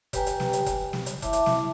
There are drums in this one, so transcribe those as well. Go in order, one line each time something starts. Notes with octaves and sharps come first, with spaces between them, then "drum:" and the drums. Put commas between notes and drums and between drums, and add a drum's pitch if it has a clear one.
G4 B4 G5 G#5 A#5, drum: kick F1, hi-hat
drum: hi-hat
drum: snare
drum: hi-hat
drum: kick F1, hi-hat
drum: snare
drum: hi-hat
E4 E5 A5 D6, drum: kick F1, hi-hat
drum: hi-hat
drum: snare